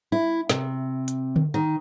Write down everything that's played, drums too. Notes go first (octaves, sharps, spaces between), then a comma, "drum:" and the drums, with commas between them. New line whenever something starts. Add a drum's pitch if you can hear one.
E4
C3, drum: snare
drum: hi-hat
drum: tom D3
D#3